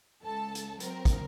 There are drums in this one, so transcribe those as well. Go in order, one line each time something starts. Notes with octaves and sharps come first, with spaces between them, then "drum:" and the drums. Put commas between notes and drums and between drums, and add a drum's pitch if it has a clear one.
C#2 A4 A5
drum: hi-hat
F#3 C4 A#4, drum: hi-hat
drum: kick, hi-hat